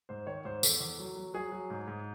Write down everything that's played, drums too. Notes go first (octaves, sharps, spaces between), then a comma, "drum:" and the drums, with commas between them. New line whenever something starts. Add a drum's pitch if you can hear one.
G#2 C5
D#3 C#5
G#2 C5
E2 A4, drum: tambourine
E2
F#3
F#3
F#3 G#4
F#3
G#2
G#2